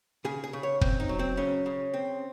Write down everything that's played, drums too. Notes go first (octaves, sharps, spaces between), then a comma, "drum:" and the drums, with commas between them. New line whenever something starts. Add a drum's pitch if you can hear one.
C#3 G#4
G#4
C#3
C#5
C4, drum: kick
D#4
F#3
C4
C#3 C#4
C#3
C4